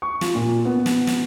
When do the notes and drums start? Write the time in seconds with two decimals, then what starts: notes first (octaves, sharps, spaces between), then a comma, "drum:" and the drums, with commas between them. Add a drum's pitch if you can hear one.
0.02 C#6
0.21 F4, drum: snare
0.35 A#2
0.65 B3
0.86 drum: snare
1.07 drum: snare